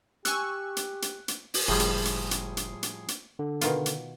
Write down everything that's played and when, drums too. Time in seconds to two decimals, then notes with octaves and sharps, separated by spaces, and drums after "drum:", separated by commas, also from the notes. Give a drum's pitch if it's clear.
0.25 G4 G#5 C#6 E6 F#6, drum: hi-hat
0.77 drum: hi-hat
1.02 drum: hi-hat
1.28 drum: hi-hat
1.54 drum: open hi-hat
1.68 F#1 A2 F3 G3 G#4
1.80 drum: hi-hat
2.05 drum: hi-hat
2.31 drum: hi-hat
2.57 drum: hi-hat
2.83 drum: hi-hat
3.08 drum: hi-hat
3.39 D3
3.61 B2 D#3 F4, drum: hi-hat
3.86 drum: hi-hat